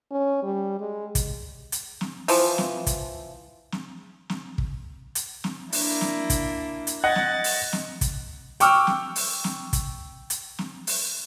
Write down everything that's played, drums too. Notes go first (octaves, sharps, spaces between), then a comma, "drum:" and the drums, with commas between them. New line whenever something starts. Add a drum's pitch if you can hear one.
C#4
G3
G#3
drum: kick, hi-hat
drum: hi-hat
drum: snare
E3 F3, drum: open hi-hat
drum: snare
drum: kick, hi-hat
drum: snare
drum: snare
drum: kick
drum: hi-hat
drum: snare
A#3 D4 E4, drum: open hi-hat
drum: snare
drum: kick, hi-hat
drum: hi-hat
D#5 F#5 F#6 G#6 A6
drum: snare
drum: open hi-hat
drum: snare
drum: kick, hi-hat
G5 C#6 D6 E6 F6, drum: hi-hat
drum: snare
drum: open hi-hat
drum: snare
drum: kick, hi-hat
drum: hi-hat
drum: snare
drum: open hi-hat